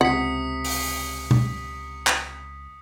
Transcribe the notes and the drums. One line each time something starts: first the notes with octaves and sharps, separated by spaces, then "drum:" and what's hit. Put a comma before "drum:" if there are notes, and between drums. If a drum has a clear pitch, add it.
C#2 C3 F#5 D#6 B6 C#7
drum: open hi-hat
drum: tom B2
drum: clap